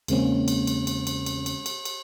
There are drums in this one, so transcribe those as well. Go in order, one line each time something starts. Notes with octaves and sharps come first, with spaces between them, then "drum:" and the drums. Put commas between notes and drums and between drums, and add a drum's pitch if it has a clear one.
E2 C#3 G#3 A#3 C4 C#4, drum: cymbal
drum: cymbal
drum: cymbal
drum: cymbal
drum: cymbal
drum: cymbal
drum: cymbal
drum: cymbal
drum: cymbal